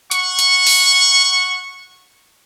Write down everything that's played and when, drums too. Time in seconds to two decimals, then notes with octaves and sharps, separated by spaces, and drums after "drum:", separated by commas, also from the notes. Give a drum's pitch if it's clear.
0.11 F#5 C#6, drum: hi-hat
0.39 drum: hi-hat
0.67 drum: open hi-hat